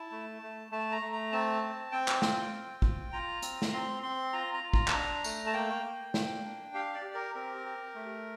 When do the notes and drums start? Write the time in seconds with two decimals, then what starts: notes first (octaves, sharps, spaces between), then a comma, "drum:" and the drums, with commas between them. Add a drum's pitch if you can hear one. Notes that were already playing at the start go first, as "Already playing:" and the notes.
Already playing: E4 A5
0.11 A3
0.42 A3
0.71 A3 A5
0.92 A#5
1.02 A3
1.12 A#5
1.32 C4 A5
1.62 C4
1.92 C4 G5
2.08 drum: clap
2.22 F4, drum: snare
2.53 C4
2.82 F4, drum: kick
3.13 F4 A#5
3.42 C4, drum: hi-hat
3.62 drum: snare
3.73 C4 C6
4.03 C4 C6
4.33 F4 A#5
4.54 A#5
4.63 F4
4.74 A#5, drum: kick
4.88 A5, drum: clap
4.93 D4 A#5
5.24 A3, drum: tambourine
5.47 A5
5.53 A#3 G5
5.85 A#3
6.14 A#3, drum: snare
6.44 D4
6.74 G4 F5
6.94 D5
7.05 G4
7.14 A#4
7.35 C4 A#4
7.65 G4
7.95 A3